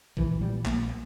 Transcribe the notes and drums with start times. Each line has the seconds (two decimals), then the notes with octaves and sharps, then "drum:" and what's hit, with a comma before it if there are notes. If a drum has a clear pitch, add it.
0.17 A#1 E3, drum: kick
0.41 A#2 G3
0.65 A#1 A#3, drum: clap